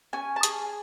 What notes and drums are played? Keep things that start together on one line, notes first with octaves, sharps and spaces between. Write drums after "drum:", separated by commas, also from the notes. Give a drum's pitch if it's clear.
C#4 G#5
A5
G#4 G#5, drum: hi-hat